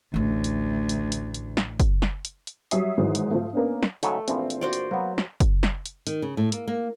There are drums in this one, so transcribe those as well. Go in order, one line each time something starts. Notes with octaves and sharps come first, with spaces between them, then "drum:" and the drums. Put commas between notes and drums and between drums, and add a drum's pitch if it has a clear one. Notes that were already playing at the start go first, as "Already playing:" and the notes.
A1 D2 A3
drum: hi-hat
drum: hi-hat
drum: hi-hat
drum: hi-hat
drum: snare
drum: kick F#1, hi-hat
drum: snare
drum: hi-hat
drum: hi-hat
F#3 G3 C#5 E5 D#6 C7, drum: hi-hat
G#2 D#3 E3 F#3
drum: hi-hat
F3 A3
A#3 B3 C#4 D4
drum: snare
G#2 C#3 F#3 A3, drum: hi-hat
A#1 E3 F3 C4, drum: hi-hat
drum: hi-hat
F#4 C5 D5
drum: hi-hat
F#3 A#3 B3
drum: snare
drum: kick F#1, hi-hat
drum: snare
drum: hi-hat
D#3, drum: hi-hat
C#3
A2
A#3, drum: hi-hat
A#3